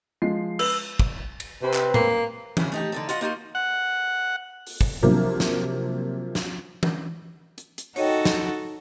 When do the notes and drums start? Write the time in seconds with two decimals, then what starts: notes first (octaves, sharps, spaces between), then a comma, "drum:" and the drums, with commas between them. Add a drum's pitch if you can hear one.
0.22 F3 G#3 C7
0.59 B4 E6, drum: cymbal
0.99 drum: kick
1.40 drum: cymbal
1.62 C3 C4 B4
1.74 drum: clap
1.94 A#3, drum: tom A2
2.57 C#3 E4 G#4, drum: tom E3
2.72 A3 D#4 G4
2.92 D3 D#4 A4
3.09 F4 F#4 B4 D#5 F#5, drum: hi-hat
3.21 A#3 D#4 F4 F#4
3.55 F#5
4.67 drum: open hi-hat
4.81 drum: kick
5.03 C3 F3 F#3 A#3 D4
5.40 drum: snare
6.35 drum: snare
6.83 drum: tom E3
7.58 drum: hi-hat
7.78 drum: hi-hat
7.96 D#4 F#4 A4 C#5 D#5 G5, drum: open hi-hat
8.25 drum: snare